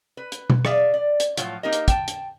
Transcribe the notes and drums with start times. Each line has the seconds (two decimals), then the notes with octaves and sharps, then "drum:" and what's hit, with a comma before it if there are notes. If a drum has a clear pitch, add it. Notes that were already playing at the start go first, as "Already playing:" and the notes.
0.17 B4
0.32 drum: hi-hat
0.50 drum: tom B2
0.65 G#4 D5 E5 F5, drum: rim click
0.94 D5
1.20 drum: hi-hat
1.37 A2 F3 F#3 F4, drum: hi-hat
1.63 A#3 D#4 G4 A#4 D#5
1.73 drum: hi-hat
1.88 G5 A5, drum: kick, hi-hat
2.08 drum: hi-hat